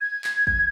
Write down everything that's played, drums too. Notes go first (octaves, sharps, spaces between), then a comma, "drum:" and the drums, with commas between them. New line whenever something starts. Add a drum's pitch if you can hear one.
G#6
drum: clap
drum: kick